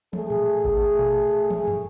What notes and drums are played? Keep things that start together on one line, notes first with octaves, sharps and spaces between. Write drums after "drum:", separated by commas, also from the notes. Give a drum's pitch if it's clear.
A3 G#4, drum: tom
drum: tom A2
drum: kick G#1
drum: tom A#2
drum: tom
drum: tom